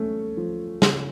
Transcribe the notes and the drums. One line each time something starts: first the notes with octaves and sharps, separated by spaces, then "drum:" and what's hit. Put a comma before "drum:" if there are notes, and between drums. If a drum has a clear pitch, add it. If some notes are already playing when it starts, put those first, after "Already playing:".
Already playing: A3 C#4
F3
C#3, drum: snare